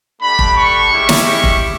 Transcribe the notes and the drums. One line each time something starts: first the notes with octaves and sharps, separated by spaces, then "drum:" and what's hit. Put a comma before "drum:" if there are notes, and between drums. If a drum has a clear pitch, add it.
A3 D4 G4 B5
drum: kick F1
C#6
G#3 C#4 E4 G4
drum: snare
C#6
drum: kick F1